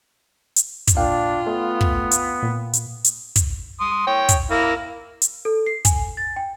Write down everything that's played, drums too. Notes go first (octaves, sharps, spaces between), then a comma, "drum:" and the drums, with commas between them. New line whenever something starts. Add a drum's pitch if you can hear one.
drum: hi-hat
drum: kick, hi-hat
A#2 D4 F4 F5 G5
A3 B3
drum: kick
drum: hi-hat
A#2
drum: hi-hat
drum: hi-hat
drum: kick, hi-hat
C6 D#6
C#5 G5
drum: kick, hi-hat
A#3 E4 F5
drum: hi-hat
A4
C7
G#5, drum: kick, hi-hat
A6
G5